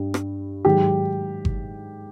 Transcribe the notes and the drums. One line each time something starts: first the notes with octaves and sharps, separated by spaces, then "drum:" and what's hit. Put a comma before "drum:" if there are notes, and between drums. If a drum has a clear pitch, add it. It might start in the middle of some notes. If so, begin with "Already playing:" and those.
Already playing: G2 G3
drum: rim click
G#2 D#3 F#3 G4
drum: kick G1